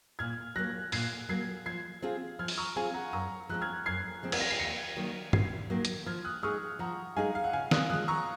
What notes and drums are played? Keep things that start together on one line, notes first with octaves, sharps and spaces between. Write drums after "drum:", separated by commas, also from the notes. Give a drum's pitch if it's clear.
A#2 F6 G#6
F#3 A#3 F#6 A#6
A#2 G#6 C7, drum: open hi-hat
F#3 A#3 G#6 C7
F3 G#6 C7
C4 F4 G#4
F3 F6 G#6
drum: open hi-hat
A#5 C#6
C4 F4 G#4 F5 G#5
F#5 A#5
F#2 A#5 C#6
F3 G#3 C4 F#6
F6 G#6
F#2 G#6 C7
F3 G#3 C4
G#6, drum: cymbal
A#6
C7
D#2 A#6 C#7
D#3 F#3 A#3
D#2 G#6 C7, drum: tom
D#3 F#3 A#3
drum: hi-hat
F3 F6 G#6
D#6 F#6
G#3 D#4 G#4 C#6 F6
F3 F#5 A#5
G#3 D#4 G#4 F5 G#5
F5
F#5
C#3 F5 G#5
D#6 F#6, drum: snare
F3 G#3 D#6 F#6
A#5 C#6